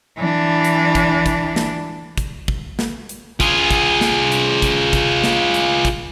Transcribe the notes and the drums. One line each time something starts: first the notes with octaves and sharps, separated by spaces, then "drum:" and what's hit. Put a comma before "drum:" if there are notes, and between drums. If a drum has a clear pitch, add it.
E3 D4
drum: hi-hat
drum: kick, hi-hat
drum: kick, hi-hat
drum: snare
drum: kick, hi-hat
drum: kick
drum: snare
drum: hi-hat
F4 G#4, drum: kick, hi-hat
drum: kick, hi-hat
drum: snare
drum: hi-hat
drum: kick, hi-hat
drum: kick, hi-hat
drum: snare
drum: hi-hat
drum: kick, hi-hat